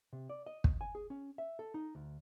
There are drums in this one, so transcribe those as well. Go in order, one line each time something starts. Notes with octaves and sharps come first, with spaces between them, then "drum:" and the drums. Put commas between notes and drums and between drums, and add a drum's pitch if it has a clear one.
C3
D5
D#5
drum: kick
G#5
G#4
C#4
E5
A4
D#4
D2